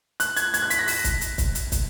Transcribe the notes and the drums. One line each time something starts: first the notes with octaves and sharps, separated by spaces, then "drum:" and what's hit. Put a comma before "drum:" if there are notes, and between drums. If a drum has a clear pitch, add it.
F#6, drum: hi-hat
G#6, drum: hi-hat
G#6, drum: hi-hat
F#6
B6, drum: hi-hat
A#6
B6, drum: open hi-hat
drum: kick, hi-hat
drum: hi-hat
drum: kick, hi-hat
drum: hi-hat
drum: kick, hi-hat